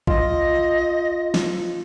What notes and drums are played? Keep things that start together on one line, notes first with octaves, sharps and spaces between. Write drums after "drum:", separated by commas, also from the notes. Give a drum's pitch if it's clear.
F4 D#5, drum: kick A1
drum: snare